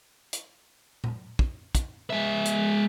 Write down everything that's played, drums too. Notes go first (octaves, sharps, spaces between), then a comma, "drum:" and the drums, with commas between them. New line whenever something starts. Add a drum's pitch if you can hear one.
drum: hi-hat
drum: tom A#2
drum: kick
drum: kick, hi-hat
G#3 E5
drum: hi-hat